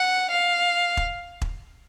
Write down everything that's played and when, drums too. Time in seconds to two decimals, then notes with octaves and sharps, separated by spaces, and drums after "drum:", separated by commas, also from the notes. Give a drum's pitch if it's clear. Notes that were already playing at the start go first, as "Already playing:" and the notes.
Already playing: F#5
0.31 F5
0.97 drum: kick E1
1.42 drum: kick E1